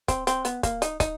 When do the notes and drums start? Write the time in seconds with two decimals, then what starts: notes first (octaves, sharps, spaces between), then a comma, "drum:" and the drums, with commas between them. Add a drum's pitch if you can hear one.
0.08 C4, drum: kick, hi-hat
0.27 C4, drum: hi-hat
0.45 B3, drum: hi-hat
0.63 A#3, drum: kick, hi-hat
0.82 D#4, drum: hi-hat
1.00 D#4, drum: kick, hi-hat